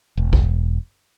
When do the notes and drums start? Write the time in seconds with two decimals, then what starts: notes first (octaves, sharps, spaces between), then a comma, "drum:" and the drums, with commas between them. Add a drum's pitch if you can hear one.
0.17 E1
0.33 drum: kick A#1